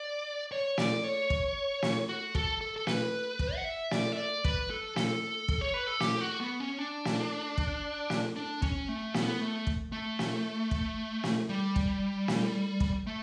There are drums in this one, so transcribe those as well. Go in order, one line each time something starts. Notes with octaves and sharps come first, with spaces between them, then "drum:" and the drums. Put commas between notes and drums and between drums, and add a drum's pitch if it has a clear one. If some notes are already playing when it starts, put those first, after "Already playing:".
Already playing: D5
C#5
D5, drum: snare
C#5
drum: kick
drum: snare
F#4
A4, drum: kick
A4
A4
B4, drum: snare
drum: kick
F#5
E5
D5, drum: snare
E5
D5
B4, drum: kick
A4
A4, drum: snare
drum: kick
C#5
B4
A4
G4, drum: snare
F#4
B3
C#4
D4
drum: snare
drum: kick
drum: snare
D4
C#4, drum: kick
A3
B3, drum: snare
A3
drum: kick
A3
drum: snare
drum: kick
drum: snare
G3
drum: kick
drum: snare
drum: kick
A3